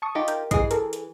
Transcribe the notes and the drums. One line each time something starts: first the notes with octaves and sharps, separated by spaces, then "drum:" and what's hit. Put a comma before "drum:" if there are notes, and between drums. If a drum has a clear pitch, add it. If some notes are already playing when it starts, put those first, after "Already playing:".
A5 C#6 D#6
D#4 F4 G4
A#4 G5, drum: hi-hat
G2 E3 G#4 D#5 C7, drum: kick, hi-hat
A4 A#4, drum: hi-hat
drum: hi-hat